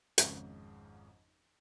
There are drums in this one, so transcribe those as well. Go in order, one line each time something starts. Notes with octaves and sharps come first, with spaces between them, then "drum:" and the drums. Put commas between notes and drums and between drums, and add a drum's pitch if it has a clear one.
G#1 F2 G#2 C#3, drum: hi-hat